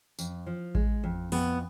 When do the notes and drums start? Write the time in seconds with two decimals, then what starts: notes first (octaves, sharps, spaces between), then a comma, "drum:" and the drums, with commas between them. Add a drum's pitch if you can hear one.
0.19 F2, drum: tambourine
0.47 F3
0.75 G#3, drum: kick A1
1.04 F2
1.32 F2 B3, drum: open hi-hat